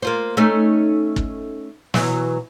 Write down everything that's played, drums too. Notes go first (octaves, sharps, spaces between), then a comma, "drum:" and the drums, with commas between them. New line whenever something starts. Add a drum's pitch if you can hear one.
A#3 F4 C5
A3 C#4 D#4
drum: kick
B2 E3 F#3, drum: snare